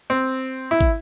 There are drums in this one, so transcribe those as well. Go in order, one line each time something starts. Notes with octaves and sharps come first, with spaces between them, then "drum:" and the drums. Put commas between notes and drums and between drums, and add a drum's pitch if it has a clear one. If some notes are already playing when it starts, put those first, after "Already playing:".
C4, drum: tambourine
drum: tambourine
drum: tambourine
E4
drum: kick, tambourine